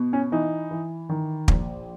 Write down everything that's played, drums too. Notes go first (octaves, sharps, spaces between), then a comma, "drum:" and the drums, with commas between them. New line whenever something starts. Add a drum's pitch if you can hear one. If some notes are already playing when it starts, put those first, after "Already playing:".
Already playing: B2
C#4
E3 D#4
E3
D#3
A#1, drum: kick